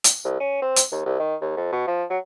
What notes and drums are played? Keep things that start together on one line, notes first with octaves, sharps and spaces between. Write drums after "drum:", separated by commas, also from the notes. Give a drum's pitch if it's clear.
drum: hi-hat
C2
C#4
C4
drum: hi-hat
D#2
C2
D#3
D#2
F2
B2
F3
F#3